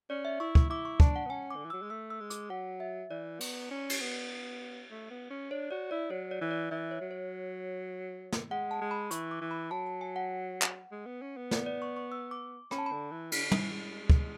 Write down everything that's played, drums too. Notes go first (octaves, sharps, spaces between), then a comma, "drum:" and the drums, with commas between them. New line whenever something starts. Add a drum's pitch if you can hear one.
C#4 D5
E5
E4 C#6
C#6, drum: kick
E4 D6
C#6
D4 A5, drum: kick
F#5
B3
C#4 G#5
D6
D3
E3
F#3 E6
G#3
A3 E6
E6
G#3
D6, drum: hi-hat
F#3 F#5
E5
E3 D5
B3, drum: cymbal
C#4
drum: cymbal
B3
A3
B3
C#4
D4 C#5
F#4 D5
E4 D5
F#3 C#5
D5
E3
D5
E3 E5
C#5
F#3
C#5
drum: snare
G#3 F#5
A5
G#3
B5
E3 C#6, drum: hi-hat
D6
E3
B5
F#3 A5
A5
G#5
F#5
drum: clap
G#3
B3
C#4
B3
D5, drum: snare
D5
C#6
C#6
E6
D6
C#4 B5, drum: rim click
A5
B5
D3
E3
D3, drum: cymbal
E3, drum: tom
G#3
drum: kick